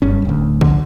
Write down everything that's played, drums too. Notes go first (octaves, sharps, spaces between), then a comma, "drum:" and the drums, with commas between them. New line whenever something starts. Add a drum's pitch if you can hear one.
F#1 G2 C#4
D1 D2
D3, drum: kick A#1